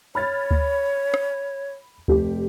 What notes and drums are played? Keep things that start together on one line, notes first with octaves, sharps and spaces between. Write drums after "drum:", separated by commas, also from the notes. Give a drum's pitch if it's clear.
C#5 B5 F6 A6
drum: kick D2
drum: rim click
F1 G4, drum: kick D2